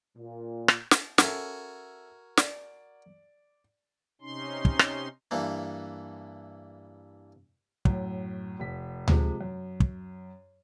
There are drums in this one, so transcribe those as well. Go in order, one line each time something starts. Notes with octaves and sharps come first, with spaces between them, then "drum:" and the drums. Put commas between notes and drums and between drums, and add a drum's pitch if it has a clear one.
A#2
drum: rim click
drum: snare
C#4 F#4 A4 A#4 E5 G#5, drum: snare
D5, drum: snare
C3 C#4 D#4 C6
drum: kick
drum: rim click
G2 E3 A#3
F#2 A2, drum: kick
F1 B6
C3 F3 G#3, drum: tom D2
F#2
drum: kick